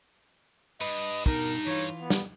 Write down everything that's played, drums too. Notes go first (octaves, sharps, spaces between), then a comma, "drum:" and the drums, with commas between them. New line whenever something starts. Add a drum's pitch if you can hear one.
G2 B4 D#5
B2 D#4 A#4, drum: kick
E3 F4 C#5
B3
drum: snare